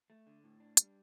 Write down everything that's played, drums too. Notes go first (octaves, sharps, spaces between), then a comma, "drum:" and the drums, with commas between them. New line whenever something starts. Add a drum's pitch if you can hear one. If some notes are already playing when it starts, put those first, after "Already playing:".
A3
D3
A2
D4
G3, drum: hi-hat